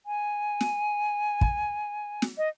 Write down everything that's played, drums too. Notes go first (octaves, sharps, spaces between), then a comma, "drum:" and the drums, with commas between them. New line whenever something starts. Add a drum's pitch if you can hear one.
G#5
drum: snare
drum: kick
drum: snare
D#5